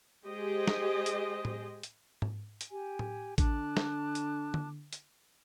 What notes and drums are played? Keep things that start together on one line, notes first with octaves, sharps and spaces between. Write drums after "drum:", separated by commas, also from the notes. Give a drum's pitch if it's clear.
G#3 G4 G#4 C5 D#5
drum: snare
drum: hi-hat
drum: tom A2
drum: hi-hat
drum: tom G#2
drum: hi-hat
G4 G#5
drum: tom A2
D3 A5 D6 F#6, drum: kick A1, hi-hat
drum: snare
drum: hi-hat
drum: tom D3
drum: hi-hat